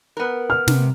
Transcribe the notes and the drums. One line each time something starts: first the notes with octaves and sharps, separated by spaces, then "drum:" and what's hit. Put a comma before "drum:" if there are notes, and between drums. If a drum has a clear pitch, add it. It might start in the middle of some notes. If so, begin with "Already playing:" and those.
B3 A#4
F6
C3, drum: snare